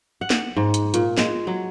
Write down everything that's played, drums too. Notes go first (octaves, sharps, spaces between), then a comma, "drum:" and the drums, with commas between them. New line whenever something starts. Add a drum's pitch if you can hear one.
F#5
drum: snare
G#2
drum: hi-hat
A#2, drum: hi-hat
G#3, drum: snare
F#3